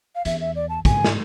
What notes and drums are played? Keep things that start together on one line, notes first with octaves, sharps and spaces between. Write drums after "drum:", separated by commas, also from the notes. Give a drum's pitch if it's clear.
F5
E2 E5, drum: hi-hat
E5
D5
A5
G#2 G#5, drum: kick, hi-hat
drum: snare